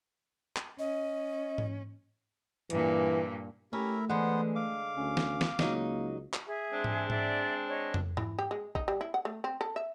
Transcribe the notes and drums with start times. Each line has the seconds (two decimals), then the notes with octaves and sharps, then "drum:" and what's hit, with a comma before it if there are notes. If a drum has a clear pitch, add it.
0.56 drum: clap
0.79 C#4 D#5
1.58 drum: tom G#2
2.70 G2 A#2 E3, drum: hi-hat
3.73 A3 C#4 E4 G4 A#4 E5
4.09 D3 E3 G#3 B3 C5 F#5
4.56 F5 D6
4.96 D2 C#4
5.17 drum: snare
5.41 drum: snare
5.59 C#2 F#3 A#3 D#4 D#5, drum: snare
6.34 drum: clap
6.47 G#4 E5
6.70 G#3 C4 D4
6.84 drum: tom G#2
7.10 D5 E5, drum: tom G#2
7.69 C#5 D#5
7.94 drum: tom
8.17 E3, drum: tom G#2
8.39 G4
8.51 G#3
8.75 D#4, drum: kick A#1
8.88 G3
9.01 E4
9.14 F#5
9.25 A3
9.44 C4
9.61 A4
9.76 E5